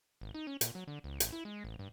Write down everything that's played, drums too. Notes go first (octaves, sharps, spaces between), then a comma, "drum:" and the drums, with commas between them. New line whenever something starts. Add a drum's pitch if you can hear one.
G#1
D#4
C#4
A#2, drum: hi-hat
F#3
D3
C#2
A1, drum: hi-hat
E4
G#3
A1
G2